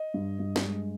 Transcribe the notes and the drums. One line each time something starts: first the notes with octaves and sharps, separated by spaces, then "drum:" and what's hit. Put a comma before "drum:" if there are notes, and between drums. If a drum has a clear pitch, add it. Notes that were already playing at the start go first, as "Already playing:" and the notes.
Already playing: D#5
G2
G2
drum: snare
G#3